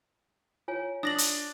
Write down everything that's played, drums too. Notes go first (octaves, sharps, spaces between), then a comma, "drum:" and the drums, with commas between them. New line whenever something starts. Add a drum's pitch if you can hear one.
F4 C#5 G#5
D4 D#6 A#6 F#7
drum: hi-hat